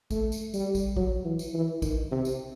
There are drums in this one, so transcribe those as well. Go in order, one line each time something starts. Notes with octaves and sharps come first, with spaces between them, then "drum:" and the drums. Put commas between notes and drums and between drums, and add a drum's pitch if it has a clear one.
A3, drum: kick, tambourine
drum: tambourine
G3, drum: tambourine
drum: kick, tambourine
F#3, drum: kick
E3
drum: tambourine
E3
D#3, drum: kick, tambourine
C3
drum: tambourine